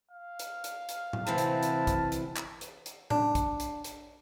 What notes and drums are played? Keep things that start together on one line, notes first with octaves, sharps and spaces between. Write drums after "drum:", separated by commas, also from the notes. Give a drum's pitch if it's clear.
F5
drum: hi-hat
drum: hi-hat
drum: hi-hat
drum: tom A2
D2 C3 E3 C4 E4 A5
drum: hi-hat
drum: hi-hat
drum: kick, hi-hat
drum: hi-hat
drum: clap
drum: hi-hat
drum: hi-hat
D4, drum: tom A2
drum: kick, hi-hat
drum: hi-hat
drum: hi-hat